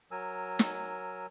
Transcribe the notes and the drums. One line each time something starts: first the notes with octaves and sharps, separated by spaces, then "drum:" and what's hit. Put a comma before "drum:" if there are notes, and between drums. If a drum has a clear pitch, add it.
F#3 A#4 G#5 E6
drum: snare